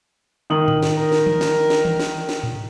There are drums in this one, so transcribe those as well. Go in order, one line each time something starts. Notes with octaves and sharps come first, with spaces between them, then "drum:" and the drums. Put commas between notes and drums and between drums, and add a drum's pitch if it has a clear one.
D#3 D#6 F#7
drum: tom G#2
drum: snare
A#4
drum: snare
drum: tom E3
drum: snare
drum: snare
drum: tom D#3
drum: snare
drum: snare
drum: tom G#2